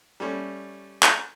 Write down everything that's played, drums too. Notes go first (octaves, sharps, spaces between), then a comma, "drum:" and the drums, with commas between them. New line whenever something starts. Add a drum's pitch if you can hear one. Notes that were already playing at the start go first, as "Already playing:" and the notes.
G3 A3 C#4
drum: clap